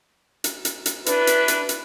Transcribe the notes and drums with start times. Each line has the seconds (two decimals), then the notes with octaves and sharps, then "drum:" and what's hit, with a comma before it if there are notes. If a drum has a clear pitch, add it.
0.44 drum: hi-hat
0.65 drum: hi-hat
0.86 drum: hi-hat
1.06 D4 E4 B4, drum: hi-hat
1.27 drum: hi-hat
1.48 drum: hi-hat
1.69 drum: hi-hat